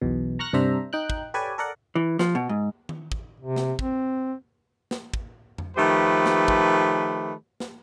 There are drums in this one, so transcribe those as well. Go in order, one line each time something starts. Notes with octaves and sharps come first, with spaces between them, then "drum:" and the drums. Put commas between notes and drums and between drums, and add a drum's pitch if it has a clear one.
B1 E2 B2
A#5 C#6 F6 F#6 A#6
G2 C3 D4 C5 E5 A#5
D#4 G5 F#6
drum: kick
G4 A4 B4 C#5 D5 G#5
A4 A#4 D5 F#5
E3
F3, drum: snare
B2
G#2
drum: tom D#3
drum: kick
C3
drum: snare
C4, drum: kick
drum: snare
drum: kick
drum: tom F2
D#3 F3 A3 G4 B4
drum: snare
drum: kick
drum: snare